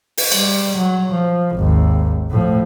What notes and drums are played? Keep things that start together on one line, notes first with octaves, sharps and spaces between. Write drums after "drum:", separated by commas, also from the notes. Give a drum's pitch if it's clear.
drum: open hi-hat
G3, drum: cymbal
F#3
F3
G#1 D#2
A2 F3